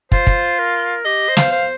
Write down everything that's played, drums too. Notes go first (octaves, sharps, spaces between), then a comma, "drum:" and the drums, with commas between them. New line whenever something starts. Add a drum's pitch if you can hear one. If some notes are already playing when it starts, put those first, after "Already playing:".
F4 C5, drum: kick
drum: kick
A#4
G4 D#5
C5
F5, drum: snare
C5